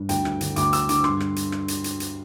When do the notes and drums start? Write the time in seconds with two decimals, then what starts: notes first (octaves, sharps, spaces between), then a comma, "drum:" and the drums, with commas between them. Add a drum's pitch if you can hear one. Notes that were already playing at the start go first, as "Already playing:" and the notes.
Already playing: G2
0.09 D2 G5, drum: hi-hat
0.25 D2, drum: rim click
0.41 D3, drum: hi-hat
0.56 D2 D6, drum: hi-hat
0.73 D2 E6, drum: hi-hat
0.89 D3 D6, drum: hi-hat
1.04 G2 C6, drum: rim click
1.20 drum: rim click
1.36 drum: hi-hat
1.52 drum: rim click
1.68 drum: hi-hat
1.84 drum: hi-hat
2.00 drum: hi-hat